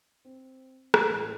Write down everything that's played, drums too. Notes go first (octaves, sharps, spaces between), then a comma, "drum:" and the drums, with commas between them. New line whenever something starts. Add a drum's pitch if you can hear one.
C4
G#4, drum: rim click
A1